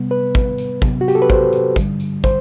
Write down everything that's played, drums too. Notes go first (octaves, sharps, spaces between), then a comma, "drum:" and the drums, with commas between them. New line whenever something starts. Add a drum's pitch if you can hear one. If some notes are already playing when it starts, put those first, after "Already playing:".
Already playing: C3 G3 B3
B4
drum: kick, tambourine
drum: tambourine
C3 F#3 B3, drum: kick, tambourine
F#4
G4, drum: tambourine
A4
B4
C5, drum: kick
drum: tambourine
G2 D3 G3, drum: kick, tambourine
drum: tambourine
C5, drum: kick, tambourine